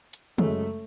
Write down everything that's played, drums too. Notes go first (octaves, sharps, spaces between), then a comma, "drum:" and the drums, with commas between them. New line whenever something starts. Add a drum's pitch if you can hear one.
drum: hi-hat
F#2 C#3 G#3 A3, drum: tom